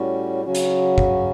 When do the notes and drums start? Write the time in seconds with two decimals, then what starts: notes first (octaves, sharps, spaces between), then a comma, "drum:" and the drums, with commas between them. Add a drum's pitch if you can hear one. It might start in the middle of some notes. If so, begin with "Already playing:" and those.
Already playing: A2 G3 C#4 F#4
0.45 C#3 F#3 C#4 F#4
0.55 drum: hi-hat
0.98 drum: kick